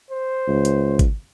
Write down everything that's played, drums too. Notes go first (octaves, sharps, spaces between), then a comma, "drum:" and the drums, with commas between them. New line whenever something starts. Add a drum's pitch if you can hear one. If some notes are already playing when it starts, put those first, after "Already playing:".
C5
C#2
drum: hi-hat
drum: kick G#1, hi-hat